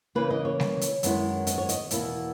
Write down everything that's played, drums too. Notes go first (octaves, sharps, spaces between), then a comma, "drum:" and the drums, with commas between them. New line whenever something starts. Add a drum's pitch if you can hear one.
C#3 E3 A#3 B4
D#5
C#5
drum: snare G3
drum: hi-hat
F#2 D#3 G#3 B3 E4, drum: hi-hat
D#5, drum: hi-hat
C#5
D#5, drum: hi-hat
E2 B2 A#3 E4, drum: hi-hat